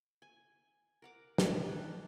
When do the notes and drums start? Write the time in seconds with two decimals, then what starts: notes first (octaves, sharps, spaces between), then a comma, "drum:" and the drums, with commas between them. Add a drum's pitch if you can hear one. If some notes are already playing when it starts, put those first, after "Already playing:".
0.22 G#5
1.02 A#4 F#5 D6
1.38 C#5, drum: snare
1.68 A#3 C#4 G#5 A5 F#6